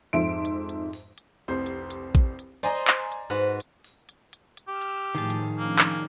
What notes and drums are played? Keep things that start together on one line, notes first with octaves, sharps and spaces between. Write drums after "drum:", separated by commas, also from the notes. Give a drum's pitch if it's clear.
F2 G#2 E5 C6 D7
drum: hi-hat
drum: hi-hat
drum: open hi-hat
drum: hi-hat
F1 C2 C5
drum: hi-hat
drum: hi-hat
drum: kick A#1, hi-hat
drum: hi-hat
C5 D5 D#5 G#5 A#5, drum: hi-hat
drum: clap
drum: hi-hat
G#2 F#4 B4
drum: hi-hat
drum: open hi-hat
drum: hi-hat
drum: hi-hat
drum: hi-hat
G4 E6 F6
drum: hi-hat
A2 D#3 F3 G#4 A5
drum: hi-hat
F3 A#3 C#4 D4
drum: clap